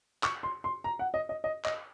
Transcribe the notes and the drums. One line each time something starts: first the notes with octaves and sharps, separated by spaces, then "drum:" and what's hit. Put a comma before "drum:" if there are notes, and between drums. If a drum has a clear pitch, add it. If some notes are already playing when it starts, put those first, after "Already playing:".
C#6, drum: clap
C6
C6
A#5
F#5
D#5
D#5
D#5
D#5, drum: clap